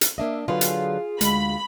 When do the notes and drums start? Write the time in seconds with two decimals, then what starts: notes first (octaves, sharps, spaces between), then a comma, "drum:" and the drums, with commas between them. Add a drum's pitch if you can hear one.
0.01 drum: hi-hat
0.18 A#3 D4 D#5 E5
0.48 D3 F#3 F4 G#4 B4
0.61 drum: hi-hat
1.21 D2 G#3 B5, drum: hi-hat